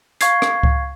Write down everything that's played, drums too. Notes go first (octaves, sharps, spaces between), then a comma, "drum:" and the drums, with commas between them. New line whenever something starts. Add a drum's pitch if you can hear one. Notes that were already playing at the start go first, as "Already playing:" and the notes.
F5 C#6 G#6 C7, drum: hi-hat
drum: rim click
drum: kick C#2